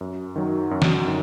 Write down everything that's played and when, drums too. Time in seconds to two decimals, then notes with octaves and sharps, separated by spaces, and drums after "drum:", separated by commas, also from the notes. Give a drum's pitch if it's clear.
0.01 F#2
0.36 D#3 F#3
0.71 F#2
0.82 drum: snare
1.07 D#3